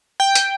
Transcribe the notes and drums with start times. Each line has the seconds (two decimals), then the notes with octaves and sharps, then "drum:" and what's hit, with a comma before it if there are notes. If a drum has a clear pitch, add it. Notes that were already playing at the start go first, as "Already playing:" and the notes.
0.20 G5
0.35 drum: hi-hat